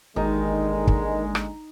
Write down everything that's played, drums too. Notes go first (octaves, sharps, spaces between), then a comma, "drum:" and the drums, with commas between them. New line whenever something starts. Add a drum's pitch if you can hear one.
G#1 D#2 D3 D#3 G#3 D#4
drum: kick
drum: rim click